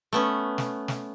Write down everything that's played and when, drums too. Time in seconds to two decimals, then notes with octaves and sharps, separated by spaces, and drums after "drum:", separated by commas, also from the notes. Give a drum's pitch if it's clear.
0.13 A3 B3 C#4
0.58 drum: snare
0.88 drum: snare